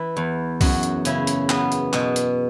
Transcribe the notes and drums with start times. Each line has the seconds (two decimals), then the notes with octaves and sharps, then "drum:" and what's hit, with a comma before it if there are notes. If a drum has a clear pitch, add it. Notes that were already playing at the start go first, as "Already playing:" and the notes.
Already playing: E3 E4
0.17 E2
0.61 F#2 F#4, drum: kick, open hi-hat
0.83 drum: hi-hat
1.05 C#3 E4, drum: hi-hat
1.27 drum: hi-hat
1.49 B3, drum: clap
1.72 drum: hi-hat
1.93 B2, drum: clap
2.16 drum: hi-hat